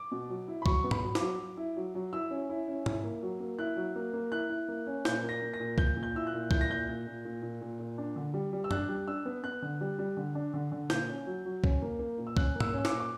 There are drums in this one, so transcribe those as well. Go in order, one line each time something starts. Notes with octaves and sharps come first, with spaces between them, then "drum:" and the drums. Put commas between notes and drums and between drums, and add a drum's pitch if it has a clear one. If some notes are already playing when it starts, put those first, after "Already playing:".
Already playing: D6
B2
F#3
E4
B5
F#3 C#6, drum: kick C2
B3
B5, drum: tom G#2
F#3
D6, drum: snare
F#3
F#3
E4
F#3
F#3
E4 E6
C#4
E4
C#4
E4, drum: tom G#2
A#3
F#3
A#3
E4 F#6
F#3
A#3
A#3
E4 F#6
E4
A#3
C#4
A#2 G6, drum: snare
A#3
A#6
A#3
A#6
A#2
A#2 G6, drum: kick C2
A#2
G6
E4 E6
F#6
A#2
E4 G6, drum: kick C2
A#6
A#2 G6
A#2
A#2
A#2
A#2
A#2
A#2
D4
D3
G3
G3
E6
D4 F#6, drum: tom
G3
D4 E6
B3
B3 F#6
D3
G3
G3
D3
D4
D3
D3
A#2 G6, drum: snare
C#4
F#3
F#3
C#4, drum: kick C2
A#3
A#3
A#2
E6
C#4 F#6, drum: kick C2
A#3
E6, drum: tom G#2
C#4 E6
D6, drum: snare
A#2
D6